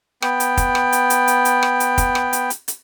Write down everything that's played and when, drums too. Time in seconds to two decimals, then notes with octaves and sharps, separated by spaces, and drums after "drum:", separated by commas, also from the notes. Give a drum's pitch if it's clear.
0.22 B3 G5, drum: rim click
0.40 drum: hi-hat
0.57 drum: kick, hi-hat
0.75 drum: rim click
0.92 drum: hi-hat
1.10 drum: hi-hat
1.28 drum: hi-hat
1.45 drum: hi-hat
1.63 drum: rim click
1.80 drum: hi-hat
1.98 drum: kick, hi-hat
2.15 drum: rim click
2.33 drum: hi-hat
2.50 drum: hi-hat
2.68 drum: hi-hat